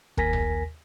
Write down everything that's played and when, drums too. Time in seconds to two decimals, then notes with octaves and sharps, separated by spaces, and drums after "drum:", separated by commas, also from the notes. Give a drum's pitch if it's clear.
0.17 D#2 A#4 G#5 A#6 B6, drum: kick
0.33 drum: tom A#1